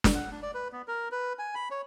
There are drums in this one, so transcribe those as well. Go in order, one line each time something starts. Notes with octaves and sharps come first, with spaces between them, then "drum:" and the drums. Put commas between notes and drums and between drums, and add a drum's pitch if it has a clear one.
drum: snare
F#5
D4
D5
B4
B3
A#4
B4
G#5
B5
C#5